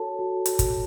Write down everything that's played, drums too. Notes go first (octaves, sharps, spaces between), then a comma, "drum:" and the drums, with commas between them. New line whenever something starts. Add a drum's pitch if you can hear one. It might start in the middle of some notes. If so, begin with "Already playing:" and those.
Already playing: F#4 A4 C#5 A5
F#4
F#4, drum: hi-hat
drum: kick, hi-hat